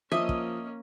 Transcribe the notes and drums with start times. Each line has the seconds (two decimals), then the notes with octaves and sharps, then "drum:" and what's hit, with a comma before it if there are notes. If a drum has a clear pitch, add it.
0.12 F3 A#3 C#4 D#5 E5
0.29 drum: kick